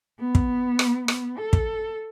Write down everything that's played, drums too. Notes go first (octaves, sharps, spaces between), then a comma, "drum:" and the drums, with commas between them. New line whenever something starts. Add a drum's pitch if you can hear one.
B3
drum: kick
drum: rim click
B3, drum: rim click
A4
drum: kick